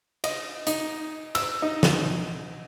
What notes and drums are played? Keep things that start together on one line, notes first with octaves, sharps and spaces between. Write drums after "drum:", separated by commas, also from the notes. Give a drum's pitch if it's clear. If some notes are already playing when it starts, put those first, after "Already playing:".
D#5, drum: cymbal
D#4, drum: hi-hat
E6, drum: cymbal
D#4
drum: snare